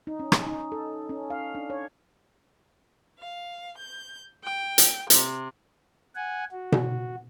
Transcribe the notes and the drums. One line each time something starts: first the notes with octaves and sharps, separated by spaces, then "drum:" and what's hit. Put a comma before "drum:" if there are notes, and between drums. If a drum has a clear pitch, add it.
D#4
C#4
drum: rim click
D#4
A4
C#4
F5
D4
C#5
F5
G6
G5
drum: hi-hat
C3, drum: hi-hat
F#5 G#5
F#4
drum: tom B2